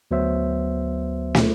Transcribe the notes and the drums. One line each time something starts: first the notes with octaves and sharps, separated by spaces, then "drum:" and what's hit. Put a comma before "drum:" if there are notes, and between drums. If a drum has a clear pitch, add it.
D2 F#3 B3 C5 E5
drum: snare